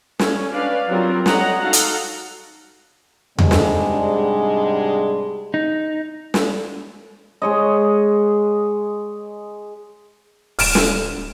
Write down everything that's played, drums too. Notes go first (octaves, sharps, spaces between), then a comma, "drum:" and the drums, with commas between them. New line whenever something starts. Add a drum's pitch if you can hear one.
C#4, drum: snare
C#4 D4 B4 D5 F5
F#3 G3 C4 F4 A#4
C#5 D#5 F#5 A#5, drum: snare
D#4 F#4 A4 F5 F#5 A#5
drum: hi-hat
G#2 C3 G3 G#3 D4 G#4, drum: tom E2
drum: snare
D#4
drum: snare
G#3 C#5 D#5
D1 F6 D7 E7, drum: open hi-hat
drum: snare